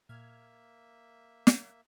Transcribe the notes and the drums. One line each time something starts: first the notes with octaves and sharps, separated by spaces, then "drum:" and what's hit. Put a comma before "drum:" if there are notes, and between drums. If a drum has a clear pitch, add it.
A#2 A#3 E5 F6 G#6
drum: snare